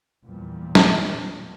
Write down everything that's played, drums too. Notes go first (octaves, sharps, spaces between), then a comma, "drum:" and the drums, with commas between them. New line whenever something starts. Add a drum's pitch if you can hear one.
E2 A#2 F3 G3
drum: snare